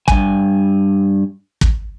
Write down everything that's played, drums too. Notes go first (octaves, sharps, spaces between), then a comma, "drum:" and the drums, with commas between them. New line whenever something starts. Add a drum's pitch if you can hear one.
G2 G#5, drum: kick
drum: kick